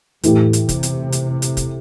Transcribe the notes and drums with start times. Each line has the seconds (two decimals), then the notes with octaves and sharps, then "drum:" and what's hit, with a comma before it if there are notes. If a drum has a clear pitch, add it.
0.23 A2 E3 A3 E4 G4, drum: hi-hat
0.53 drum: hi-hat
0.69 C3, drum: kick, hi-hat
0.83 drum: hi-hat
1.12 drum: hi-hat
1.42 drum: hi-hat
1.57 drum: kick, hi-hat